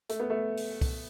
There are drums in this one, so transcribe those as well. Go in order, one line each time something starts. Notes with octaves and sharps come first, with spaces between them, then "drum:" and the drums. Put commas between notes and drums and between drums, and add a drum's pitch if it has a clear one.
A3, drum: hi-hat
B3
A3
drum: open hi-hat
drum: kick C2, open hi-hat